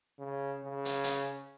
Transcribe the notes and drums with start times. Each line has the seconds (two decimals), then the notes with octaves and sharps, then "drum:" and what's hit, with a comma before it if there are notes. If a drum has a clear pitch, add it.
0.19 C#3
0.64 C#3
0.85 drum: hi-hat
1.04 drum: hi-hat